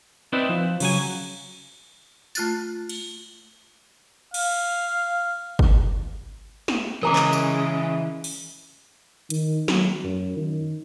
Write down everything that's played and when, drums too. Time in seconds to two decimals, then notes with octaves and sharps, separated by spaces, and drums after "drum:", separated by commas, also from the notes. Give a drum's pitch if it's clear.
0.33 C4 D#4 E4 B4 D5
0.49 F3
0.80 C#3 F#3 G#5, drum: cymbal
2.35 A3 F4 F#6 A6, drum: tambourine
2.89 drum: cymbal
4.34 F5, drum: cymbal
5.59 drum: kick
6.68 drum: snare
7.03 C#3 E3 G#3 A#4 A#5 D6
7.16 drum: clap
7.33 drum: tambourine
8.24 drum: open hi-hat
9.30 D#3, drum: hi-hat
9.68 F#3, drum: snare
10.04 F#2
10.37 D#3